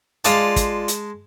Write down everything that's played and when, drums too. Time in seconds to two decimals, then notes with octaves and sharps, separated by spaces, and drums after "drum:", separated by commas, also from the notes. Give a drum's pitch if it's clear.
0.25 G#3 F4 D5 A5, drum: hi-hat
0.56 drum: kick, hi-hat
0.88 drum: hi-hat